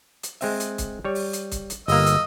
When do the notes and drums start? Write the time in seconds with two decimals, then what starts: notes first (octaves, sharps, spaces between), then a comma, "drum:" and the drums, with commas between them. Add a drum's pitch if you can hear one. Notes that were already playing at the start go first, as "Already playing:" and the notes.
0.23 drum: hi-hat
0.41 G#3 C4 E5, drum: open hi-hat
0.60 drum: hi-hat
0.78 drum: kick, hi-hat
1.05 G3 C#5
1.15 drum: open hi-hat
1.33 drum: hi-hat
1.52 drum: kick, hi-hat
1.70 drum: hi-hat
1.88 G1 A#3 D#5 E6, drum: open hi-hat
2.07 drum: hi-hat